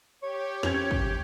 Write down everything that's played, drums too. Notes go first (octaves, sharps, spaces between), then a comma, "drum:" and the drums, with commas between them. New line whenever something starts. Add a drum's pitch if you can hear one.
G4 C#5
F2 C#4 G#6 F7, drum: snare
drum: kick